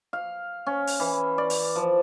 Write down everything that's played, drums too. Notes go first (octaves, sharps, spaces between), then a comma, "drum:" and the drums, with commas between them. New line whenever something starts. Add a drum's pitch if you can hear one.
F5
C#4
drum: open hi-hat
E3
D5
drum: open hi-hat
F3